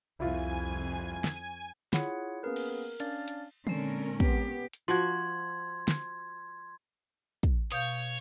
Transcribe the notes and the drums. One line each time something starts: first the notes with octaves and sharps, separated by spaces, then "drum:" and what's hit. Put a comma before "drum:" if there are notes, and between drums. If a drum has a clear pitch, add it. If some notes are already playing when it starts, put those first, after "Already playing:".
C2 F2 E4 F4 G#5
drum: snare
E4 F4 G#4 C#5 F#5, drum: snare
A#3 B3 C#4 G#4 A#4 B4
drum: cymbal
A#4
C#4 D4 D5 F5 F6 A6, drum: hi-hat
drum: hi-hat
A#2 D3 G#3 C4 C#4 A#4, drum: tom
B3 G4, drum: kick
drum: hi-hat
F3 F#4 C6 G#6
drum: snare
drum: kick
B2 C#5 F5 G6, drum: cymbal